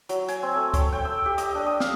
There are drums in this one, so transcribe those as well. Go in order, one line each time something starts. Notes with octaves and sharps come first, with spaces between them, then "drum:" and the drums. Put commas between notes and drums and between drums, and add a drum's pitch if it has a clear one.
F#3, drum: hi-hat
G#5, drum: hi-hat
C4
A3
C#5, drum: kick C#2, hi-hat
G5
E6
G4
D#5, drum: hi-hat
D4
D#6
F5, drum: snare